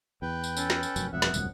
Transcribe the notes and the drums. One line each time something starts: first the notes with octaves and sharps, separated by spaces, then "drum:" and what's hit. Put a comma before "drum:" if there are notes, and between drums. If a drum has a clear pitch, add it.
E2 B4 G5
drum: tambourine
C#4 A4, drum: tambourine
drum: snare
drum: tambourine
F1 F#2, drum: tambourine
E1 F2 F3 G3 B3 E5 F#5
drum: snare
D#1 C#2 F#2, drum: tambourine